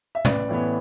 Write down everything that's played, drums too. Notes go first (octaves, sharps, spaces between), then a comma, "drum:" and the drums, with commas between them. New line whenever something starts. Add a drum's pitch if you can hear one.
E5
A1 B4 D5, drum: tom
A2 E3 B3